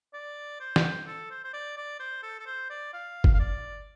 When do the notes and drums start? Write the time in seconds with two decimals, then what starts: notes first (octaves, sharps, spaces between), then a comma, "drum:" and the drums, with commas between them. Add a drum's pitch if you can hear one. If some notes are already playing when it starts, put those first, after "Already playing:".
0.14 D5
0.60 C5
0.76 drum: snare
1.07 A4
1.31 C5
1.44 C5
1.54 D5
1.77 D5
2.00 C5
2.23 A4
2.40 A4
2.46 C5
2.70 D5
2.93 F5
3.24 drum: kick
3.34 F5
3.40 D5